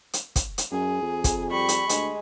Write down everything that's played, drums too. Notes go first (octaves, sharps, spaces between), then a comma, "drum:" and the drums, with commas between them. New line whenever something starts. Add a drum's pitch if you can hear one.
drum: hi-hat
drum: kick, hi-hat
drum: hi-hat
F#2 G#4
F2
drum: kick, hi-hat
G3 B5 C#6
drum: hi-hat
D2 G#3, drum: hi-hat